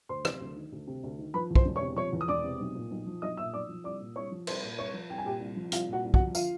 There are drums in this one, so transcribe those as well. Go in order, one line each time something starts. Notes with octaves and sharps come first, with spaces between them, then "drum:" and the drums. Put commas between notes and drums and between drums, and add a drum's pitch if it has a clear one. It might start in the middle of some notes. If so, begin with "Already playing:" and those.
D2 C5 C6
C3, drum: rim click
D2
D#3
D2
C3
D2
D#3
F3 B4 B5
E2
C5 C6, drum: kick
E1
C#5 C#6
C3
F3 C#5 C#6
E2
D#6
E1 D5 D6
C3
B1
A#2
B1
F3
B1 D#5 D#6
A#2 E5 E6
B1 D5 D6
F3
C2 D5 D6
A#2
C2 C#5 C#6
F3
C2 C5 C6, drum: cymbal
A#2
C2 C#5 C#6
F3
C2 G5
G#5
A#2 G4 G5
C2
F3
C2 F4 F5, drum: hi-hat
A#2
F#4 F#5
C2
F#4 F#5, drum: kick
F3
F4 F5, drum: tambourine